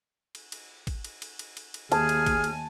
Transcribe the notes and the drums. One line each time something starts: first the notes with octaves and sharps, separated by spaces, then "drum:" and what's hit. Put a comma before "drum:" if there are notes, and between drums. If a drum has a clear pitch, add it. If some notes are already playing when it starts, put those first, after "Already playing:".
drum: cymbal
drum: cymbal
drum: kick G#1, cymbal
drum: cymbal
drum: cymbal
drum: cymbal
drum: cymbal
drum: cymbal
D#2 G#4 G#5 A5 F6, drum: cymbal
drum: cymbal
drum: kick G#1, cymbal
drum: cymbal